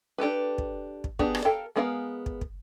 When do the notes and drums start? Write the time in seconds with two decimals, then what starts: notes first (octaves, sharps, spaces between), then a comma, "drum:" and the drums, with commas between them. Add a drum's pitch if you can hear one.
0.18 D4 G4 A4 B4
0.58 drum: kick
1.04 drum: kick
1.19 B3 D4 G4 G#4, drum: kick
1.35 drum: rim click
1.45 A4 A#4 F5 G5
1.76 G#3 B3 G#4 A#4 F5
2.26 drum: kick
2.41 drum: kick